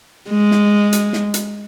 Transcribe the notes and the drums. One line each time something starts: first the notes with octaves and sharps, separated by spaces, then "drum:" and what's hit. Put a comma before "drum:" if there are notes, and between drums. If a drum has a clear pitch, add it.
G#3
drum: snare
drum: hi-hat
drum: snare
drum: hi-hat